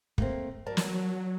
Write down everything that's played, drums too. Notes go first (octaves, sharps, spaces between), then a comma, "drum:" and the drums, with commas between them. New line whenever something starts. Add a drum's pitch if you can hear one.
A3 A#3 C4, drum: kick
F#3 A#4 D5 A5
drum: snare